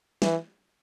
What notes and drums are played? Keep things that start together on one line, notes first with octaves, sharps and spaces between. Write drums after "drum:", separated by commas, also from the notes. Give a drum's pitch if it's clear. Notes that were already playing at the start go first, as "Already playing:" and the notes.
E3, drum: snare